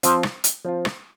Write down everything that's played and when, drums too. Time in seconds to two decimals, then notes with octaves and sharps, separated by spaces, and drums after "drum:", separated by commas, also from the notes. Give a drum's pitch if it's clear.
0.03 F3 C4 F4, drum: hi-hat
0.23 drum: rim click
0.44 drum: hi-hat
0.65 F3 C4 F4
0.85 drum: rim click